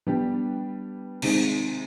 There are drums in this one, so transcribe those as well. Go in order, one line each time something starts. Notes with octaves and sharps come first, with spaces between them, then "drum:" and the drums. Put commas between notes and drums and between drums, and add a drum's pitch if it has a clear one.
G3 B3 D4 G4
C3 D#3 G#3 C4 D#4, drum: cymbal